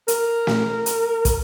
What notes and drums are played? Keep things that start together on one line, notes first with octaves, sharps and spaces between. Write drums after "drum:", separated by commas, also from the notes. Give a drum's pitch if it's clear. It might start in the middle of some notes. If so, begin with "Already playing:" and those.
A#4, drum: hi-hat
drum: snare
drum: hi-hat
drum: kick, hi-hat